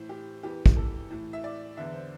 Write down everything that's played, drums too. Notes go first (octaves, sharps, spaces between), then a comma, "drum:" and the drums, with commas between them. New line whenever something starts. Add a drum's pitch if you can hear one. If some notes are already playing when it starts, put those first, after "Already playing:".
Already playing: A2 E3 C5
G4
E2 E3 G4
drum: kick
A4
A2 E3
E5
D5
E2 D3 E5
C5